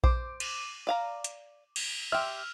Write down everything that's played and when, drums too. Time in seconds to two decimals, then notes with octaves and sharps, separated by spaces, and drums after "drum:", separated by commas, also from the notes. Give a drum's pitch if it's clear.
0.04 C5 D6, drum: kick A#1
0.40 drum: cymbal
0.87 D5 F5 A#5
1.24 drum: hi-hat
1.76 drum: cymbal
2.12 G4 E5 C6 E6 F6